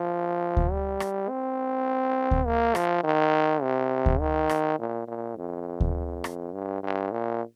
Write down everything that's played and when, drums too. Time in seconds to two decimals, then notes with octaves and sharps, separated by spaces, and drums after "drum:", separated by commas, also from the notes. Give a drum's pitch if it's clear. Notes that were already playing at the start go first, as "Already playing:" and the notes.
Already playing: F3
0.57 drum: kick D2
0.72 G3
1.00 drum: rim click
1.29 C4
2.31 drum: kick D2
2.46 A#3
2.75 F3, drum: rim click
3.04 D#3
3.62 C3
4.06 drum: kick D2
4.20 D#3
4.49 drum: rim click
4.79 A#2
5.08 A#2
5.36 F2
5.80 drum: kick D2
6.24 drum: rim click
6.53 G2
6.83 G2
7.11 A#2